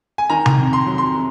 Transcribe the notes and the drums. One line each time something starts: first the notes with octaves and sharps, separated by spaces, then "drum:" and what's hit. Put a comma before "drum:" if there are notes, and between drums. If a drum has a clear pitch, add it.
G#5
D#3 A#5
drum: tom C3
F2
C6
F#3
C6
C3